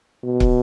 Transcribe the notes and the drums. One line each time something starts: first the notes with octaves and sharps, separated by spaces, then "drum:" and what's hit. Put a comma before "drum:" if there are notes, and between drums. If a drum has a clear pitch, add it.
B2
drum: kick